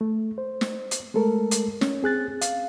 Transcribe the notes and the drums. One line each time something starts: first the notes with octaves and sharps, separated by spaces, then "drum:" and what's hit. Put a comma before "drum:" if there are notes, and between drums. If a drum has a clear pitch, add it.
A3
C5
drum: snare
drum: hi-hat
G#3 A3 A4 A#4
drum: hi-hat
C#4, drum: snare
C4 G#4 F#6 A6
F5, drum: hi-hat